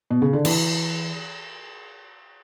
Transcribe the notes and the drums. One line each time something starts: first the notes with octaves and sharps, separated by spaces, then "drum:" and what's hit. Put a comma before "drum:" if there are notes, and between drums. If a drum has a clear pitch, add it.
B2
C#3
D3
E3, drum: cymbal